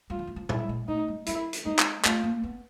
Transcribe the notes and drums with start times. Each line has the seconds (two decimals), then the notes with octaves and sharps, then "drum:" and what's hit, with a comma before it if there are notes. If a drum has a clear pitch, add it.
0.10 F#3 F4
0.19 F3
0.27 E3
0.36 F3
0.49 F#3 E4, drum: tom
0.69 G#3
0.88 A3 D#4
1.08 G#3
1.26 F#3 E4, drum: hi-hat
1.53 drum: hi-hat
1.65 G#3 D#4
1.79 drum: clap
2.05 A3 F4, drum: clap
2.24 A#3
2.43 B3